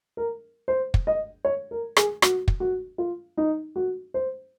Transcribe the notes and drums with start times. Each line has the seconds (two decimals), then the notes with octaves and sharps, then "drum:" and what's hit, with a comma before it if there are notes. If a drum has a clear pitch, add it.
0.17 A#4
0.68 C5
0.94 drum: kick
1.07 D#5
1.45 C#5
1.71 A#4
1.97 G#4, drum: rim click
2.22 F#4, drum: rim click
2.48 drum: kick
2.60 F#4
2.98 F4
3.37 D#4
3.76 F#4
4.14 C5